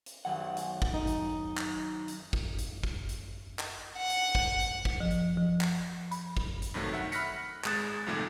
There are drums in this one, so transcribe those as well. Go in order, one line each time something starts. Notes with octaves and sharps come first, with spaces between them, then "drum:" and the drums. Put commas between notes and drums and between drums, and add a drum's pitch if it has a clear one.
drum: hi-hat
F#2 D#3 F#5
drum: hi-hat
drum: kick
D#4
drum: hi-hat
drum: clap
drum: hi-hat
drum: kick
drum: hi-hat
drum: kick
drum: hi-hat
drum: clap
F#5
drum: hi-hat
drum: kick
drum: hi-hat
drum: kick
F3
drum: hi-hat
F3
drum: clap
B5, drum: hi-hat
drum: kick
drum: hi-hat
G2 C3 D#3 F#3 A3
D#3 E5 F#5
B5 F6 F#6 A#6 B6 C#7, drum: hi-hat
G#1 G#3 D#6 F#6 A6 E7, drum: clap
C2 F2 A#2 D#3 A3